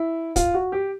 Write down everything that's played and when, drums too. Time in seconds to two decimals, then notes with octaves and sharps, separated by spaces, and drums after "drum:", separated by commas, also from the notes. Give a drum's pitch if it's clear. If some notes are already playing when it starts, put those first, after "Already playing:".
Already playing: E4
0.36 F4, drum: kick, hi-hat
0.54 F#4
0.72 G4